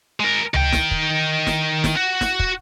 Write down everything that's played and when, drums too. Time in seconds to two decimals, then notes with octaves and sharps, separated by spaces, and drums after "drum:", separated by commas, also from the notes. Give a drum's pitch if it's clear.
0.20 G#3 A#4
0.54 D#3 G5, drum: tom C#2
0.72 drum: snare
0.91 drum: kick
1.47 drum: snare
1.84 drum: snare
1.96 F#4
2.21 drum: snare
2.39 drum: kick